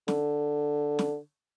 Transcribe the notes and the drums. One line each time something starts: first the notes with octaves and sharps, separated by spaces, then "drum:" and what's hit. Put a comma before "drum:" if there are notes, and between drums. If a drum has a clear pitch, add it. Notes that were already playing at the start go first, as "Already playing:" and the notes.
D3, drum: snare
drum: snare